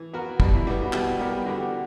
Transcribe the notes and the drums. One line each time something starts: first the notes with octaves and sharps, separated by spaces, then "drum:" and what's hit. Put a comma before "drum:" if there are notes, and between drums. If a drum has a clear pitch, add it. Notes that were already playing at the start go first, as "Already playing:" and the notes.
Already playing: E3
B3 F#4 A#4
B2 G3, drum: kick
E4
G3 B3 F#4
F#4
B2 G4, drum: clap
G3 B3 A#4
G4
D3 F#4
G4